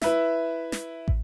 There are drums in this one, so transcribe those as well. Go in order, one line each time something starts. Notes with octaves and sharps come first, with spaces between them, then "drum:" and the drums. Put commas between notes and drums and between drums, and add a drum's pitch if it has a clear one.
E4 B4 E5, drum: snare
drum: snare
drum: kick